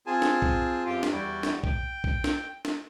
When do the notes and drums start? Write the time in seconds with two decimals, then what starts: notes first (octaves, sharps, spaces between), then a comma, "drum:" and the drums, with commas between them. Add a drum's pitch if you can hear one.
0.07 C4 F4 G#4 G#5 A5
0.22 drum: snare
0.42 drum: kick A#1
0.86 F#2 C4 F4 G4 F5 G5
1.03 drum: snare
1.12 E2 G3 E4 F#4 D5 G5
1.43 drum: snare
1.64 G5, drum: kick A#1
2.04 drum: kick A#1
2.24 drum: snare
2.65 drum: snare